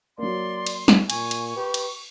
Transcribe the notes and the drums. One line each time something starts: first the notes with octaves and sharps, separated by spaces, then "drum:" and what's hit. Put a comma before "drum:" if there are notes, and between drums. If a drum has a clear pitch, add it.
F#3 A#3 D5 C6
drum: cymbal
drum: snare
A#2 G#5 C#6, drum: cymbal
drum: cymbal
G4 B4
drum: cymbal